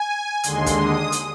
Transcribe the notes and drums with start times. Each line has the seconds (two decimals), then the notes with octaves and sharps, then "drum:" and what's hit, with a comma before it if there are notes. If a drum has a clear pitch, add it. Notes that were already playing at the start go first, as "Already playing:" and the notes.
Already playing: G#5
0.43 D#2 D3 G#3 C6, drum: hi-hat
0.66 drum: kick, hi-hat
0.78 D#6
1.12 drum: hi-hat